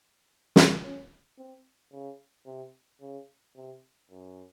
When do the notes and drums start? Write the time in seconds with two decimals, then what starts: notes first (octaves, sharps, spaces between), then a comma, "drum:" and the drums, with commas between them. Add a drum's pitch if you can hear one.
0.56 drum: snare
0.83 C#4
1.38 C4
1.92 C#3
2.46 C3
3.01 C#3
3.56 C3
4.11 F#2